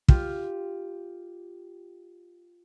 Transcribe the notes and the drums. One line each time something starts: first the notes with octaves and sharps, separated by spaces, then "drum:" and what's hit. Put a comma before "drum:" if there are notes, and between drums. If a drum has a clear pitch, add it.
F4 G4 F5, drum: kick